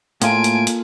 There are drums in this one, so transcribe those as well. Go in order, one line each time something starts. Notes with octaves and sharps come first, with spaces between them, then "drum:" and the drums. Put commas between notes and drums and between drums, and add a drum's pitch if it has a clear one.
A2 A#3 F4 A4 G#5 D7, drum: hi-hat
drum: hi-hat
drum: hi-hat